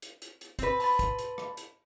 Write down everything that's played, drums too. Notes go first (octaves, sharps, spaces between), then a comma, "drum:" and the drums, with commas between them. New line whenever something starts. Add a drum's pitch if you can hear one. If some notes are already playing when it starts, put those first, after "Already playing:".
drum: hi-hat
drum: hi-hat
drum: hi-hat
C4 B4, drum: kick, hi-hat
A5 B5 A6, drum: open hi-hat
drum: kick, hi-hat
drum: hi-hat
drum: rim click
drum: hi-hat